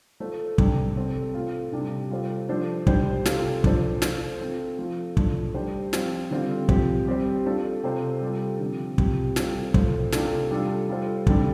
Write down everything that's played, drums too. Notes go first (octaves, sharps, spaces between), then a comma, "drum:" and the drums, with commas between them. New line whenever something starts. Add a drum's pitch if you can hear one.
A3 F4 C5
C3 G3 D4 A4, drum: kick
A3 C4 A4 C5
A2 A3 F4 A4
C3 G3 D4
G3 F4 A4 C5
F3 A3 D4 A4 C5
G3 D4 G4 C5, drum: kick
C3 A3 F4 C5, drum: snare
F3 D4 A4 C5, drum: kick
A3 F4 C5, drum: snare
A3 C4 F4
F3 A3 F4
A2 F3 A3 D4 A4, drum: kick
G3 D4 G4 C5
F3 C4 F4 C5, drum: snare
D3 G3 C4 F4 A4
F3 C4 G4 C5, drum: kick
G3 C4 G4 C5
A3 D4 F4 A4 C5
C3 A3 C4 F4 C5
G3 F4 A4
D3 F3 C4
C3 F3 C4 G4, drum: kick
C3 G3 F4 A4 C5, drum: snare
A2 A3 F4 C5, drum: kick
C3 A3 D4 F4 A4, drum: snare
G3 D4 F4 A4
G3 F4 A4 C5
D3 G3 C4 A4, drum: kick